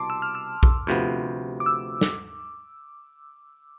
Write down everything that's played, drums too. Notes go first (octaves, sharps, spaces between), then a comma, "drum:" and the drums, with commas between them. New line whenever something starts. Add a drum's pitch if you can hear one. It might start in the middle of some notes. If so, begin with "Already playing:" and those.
Already playing: C2 B2 A5 C6 D6
E6
F6
E6
drum: kick A#1
D2 C3 F3 B3
D6
E6
drum: snare